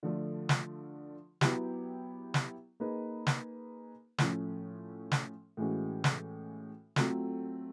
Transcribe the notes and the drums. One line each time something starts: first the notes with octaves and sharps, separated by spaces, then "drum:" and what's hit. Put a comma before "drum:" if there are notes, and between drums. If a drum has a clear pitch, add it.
D3 F3 A3 D4 F4
drum: snare
F#3 B3 E4 G4, drum: snare
drum: snare
A#3 D#4 G#4 B4
drum: snare
A2 F3 A3 C#4, drum: snare
drum: snare
A2 E3 G#3 C#4 F#4
drum: snare
F#3 A3 C4 F4 A4, drum: snare